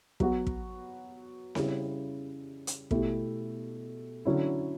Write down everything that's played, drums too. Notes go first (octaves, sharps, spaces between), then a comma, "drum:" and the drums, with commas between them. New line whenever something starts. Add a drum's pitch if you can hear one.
F#3 B3 F#4, drum: kick
drum: kick
C#3 G3 C#4 E4, drum: snare C4
drum: hi-hat
B2 A3 E4 G4, drum: kick
D3 F#3 C#4 E4